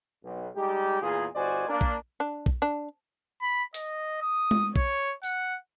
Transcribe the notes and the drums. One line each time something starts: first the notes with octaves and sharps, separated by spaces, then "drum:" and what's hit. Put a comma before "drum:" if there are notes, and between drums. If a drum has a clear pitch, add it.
B1
G3 G#3 D#4 G4
E2 A#2 F4 G#4
G1 F#4 C5 D5 D#5 G#5
A#3 D4
drum: kick
D4
drum: kick
D4
B5
D#5, drum: open hi-hat
D#6
drum: tom G#3
C#5, drum: kick
F#5, drum: tambourine